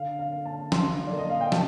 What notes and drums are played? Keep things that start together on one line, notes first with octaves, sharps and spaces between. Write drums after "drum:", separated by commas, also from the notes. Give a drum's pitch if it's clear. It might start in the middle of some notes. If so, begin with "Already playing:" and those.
Already playing: D3 F5
F5
A#3
A5
D3 C6, drum: snare
D5
A#3
D#5
F5
G5
C3 A5, drum: snare